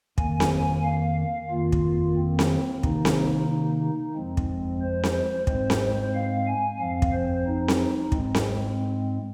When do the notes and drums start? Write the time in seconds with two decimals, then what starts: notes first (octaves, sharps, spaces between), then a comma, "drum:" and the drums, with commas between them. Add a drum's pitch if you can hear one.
0.18 F2 D#3 A#3 G#5, drum: kick
0.40 drum: snare C4
0.84 F5
1.50 F2 D#3 A#3 F4
1.72 drum: kick
2.16 C4
2.39 drum: snare C4
2.83 C3 D#3 A#3 D#4, drum: kick
3.05 drum: snare C4
3.49 D#4
4.15 F2 F3 G#3 C4
4.37 drum: kick
4.82 C5
5.03 drum: snare C4
5.47 G#2 G#3 C4 C5, drum: kick
5.70 drum: snare C4
5.80 C5
6.14 F5
6.47 G#5
6.80 F2 F3 C4 F5
7.02 drum: kick
7.13 C5
7.47 D#4
7.68 drum: snare C4
8.12 G#2 G#3 C4, drum: kick
8.35 drum: snare C4